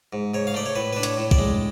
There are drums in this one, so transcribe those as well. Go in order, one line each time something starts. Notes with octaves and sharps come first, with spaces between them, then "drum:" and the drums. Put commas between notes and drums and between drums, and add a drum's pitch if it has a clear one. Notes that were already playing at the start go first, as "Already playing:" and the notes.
G#2
G#2 C#5
F5
A3 D5
C#5
A2 B4
D4 B4
C#5, drum: hi-hat
A2
D5, drum: kick
G#3